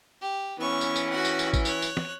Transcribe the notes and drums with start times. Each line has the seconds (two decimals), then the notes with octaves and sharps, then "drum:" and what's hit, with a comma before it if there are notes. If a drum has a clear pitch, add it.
0.22 G4
0.59 E3 B3 C#4 C#6
0.81 drum: tambourine
0.96 drum: tambourine
1.10 F#4 F#5
1.25 drum: tambourine
1.39 drum: tambourine
1.53 drum: kick A1, tambourine
1.65 C#5 F#6, drum: tambourine
1.82 drum: tambourine
1.97 drum: snare